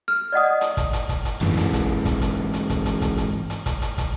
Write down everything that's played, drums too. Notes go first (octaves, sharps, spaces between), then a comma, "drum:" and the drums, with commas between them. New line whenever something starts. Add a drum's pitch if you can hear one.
F6
D5 D#5 F#5 D#6
drum: hi-hat
drum: kick, hi-hat
drum: hi-hat
drum: kick, hi-hat
drum: hi-hat
G#2 E3, drum: tom F2
drum: hi-hat
drum: kick, hi-hat
drum: kick, hi-hat
drum: hi-hat
drum: hi-hat
drum: kick, hi-hat
drum: hi-hat
drum: kick, hi-hat
drum: hi-hat
drum: hi-hat
drum: kick, hi-hat
drum: hi-hat
drum: kick, hi-hat